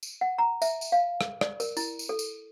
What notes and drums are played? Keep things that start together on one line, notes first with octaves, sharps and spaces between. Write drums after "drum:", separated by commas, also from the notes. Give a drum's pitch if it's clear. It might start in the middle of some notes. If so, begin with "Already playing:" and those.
drum: tambourine
F#5
A#5
E5, drum: tambourine
drum: tambourine
F5
drum: rim click
D5, drum: rim click
A#4, drum: tambourine
E4, drum: tambourine
drum: tambourine
A4
drum: tambourine